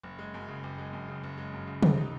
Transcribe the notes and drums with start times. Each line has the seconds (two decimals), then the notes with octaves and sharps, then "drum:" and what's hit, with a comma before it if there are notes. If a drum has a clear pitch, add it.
0.03 F#1
0.19 G#3
0.34 F#2
0.48 C#3
0.64 F#1
0.78 G#3
0.93 F#2
1.08 C#3
1.24 F#1
1.38 G#3
1.53 F#2
1.68 C#3
1.83 C#2, drum: tom
1.98 D#4